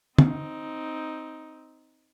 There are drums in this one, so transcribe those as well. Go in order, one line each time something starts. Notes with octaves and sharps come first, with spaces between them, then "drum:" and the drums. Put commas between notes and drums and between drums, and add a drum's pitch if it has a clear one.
C4 D#4, drum: tom D3